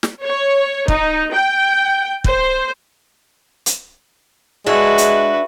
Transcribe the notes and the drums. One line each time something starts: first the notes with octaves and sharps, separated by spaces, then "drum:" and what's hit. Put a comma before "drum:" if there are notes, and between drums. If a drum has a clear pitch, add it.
drum: snare
C#5
D#4, drum: kick
G5
C5, drum: kick
drum: hi-hat
G#3 D4 F#4 G#4 B4 E5
drum: hi-hat